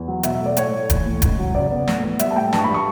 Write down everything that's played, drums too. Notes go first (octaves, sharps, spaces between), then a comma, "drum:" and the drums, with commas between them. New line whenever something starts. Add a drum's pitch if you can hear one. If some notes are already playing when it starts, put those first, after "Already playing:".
Already playing: E2
F#3
B2 E5, drum: hi-hat
E5
A3
D5
A2 C#5, drum: hi-hat
A3
E3, drum: kick E1, hi-hat
A2
C#2, drum: kick E1, hi-hat
F#3
C#3 D5
B3
A2, drum: snare
B3
G3 E5, drum: hi-hat
A5
A2 G5
G2 A5, drum: snare
C#6
G3 B5
C#6